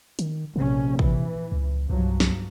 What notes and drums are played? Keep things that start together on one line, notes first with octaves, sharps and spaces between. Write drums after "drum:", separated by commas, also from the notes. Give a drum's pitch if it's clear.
D#3, drum: hi-hat
A#1 C3 C#4
E3, drum: kick
C#2
C2 G2 F3 F#3
drum: snare